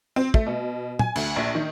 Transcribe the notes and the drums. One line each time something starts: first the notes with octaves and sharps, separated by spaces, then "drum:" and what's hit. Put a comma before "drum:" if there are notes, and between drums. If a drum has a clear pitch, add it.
C4
A3, drum: kick
B2
G#5, drum: tom
D2, drum: cymbal
A#1
D#3